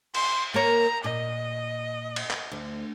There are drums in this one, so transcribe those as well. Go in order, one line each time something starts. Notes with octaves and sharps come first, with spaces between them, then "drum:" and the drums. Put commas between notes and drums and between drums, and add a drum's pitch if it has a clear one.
C6, drum: cymbal
A#3 A#4 C#5 A#5
A#2 D#5
drum: cymbal
drum: clap
D2